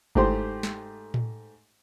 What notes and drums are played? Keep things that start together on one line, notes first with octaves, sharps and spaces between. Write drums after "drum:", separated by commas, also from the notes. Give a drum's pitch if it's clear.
G#2 A3 G4 C5 C6, drum: kick G1
drum: snare
drum: tom A2